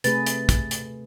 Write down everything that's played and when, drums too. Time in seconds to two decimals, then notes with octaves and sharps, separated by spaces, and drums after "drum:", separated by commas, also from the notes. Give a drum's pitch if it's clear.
0.04 C3 A3 G#4 B4 A6, drum: hi-hat
0.26 drum: hi-hat
0.49 drum: kick, hi-hat
0.71 drum: hi-hat